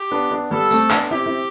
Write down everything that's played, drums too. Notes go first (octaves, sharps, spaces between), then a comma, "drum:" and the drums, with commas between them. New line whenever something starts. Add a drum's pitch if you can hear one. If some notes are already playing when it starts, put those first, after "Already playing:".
Already playing: G4
B3 D4
B3 D4
G3 B3 A4
A3 C4, drum: tambourine
B3 D4, drum: clap
C4 E4 G4
C4 E4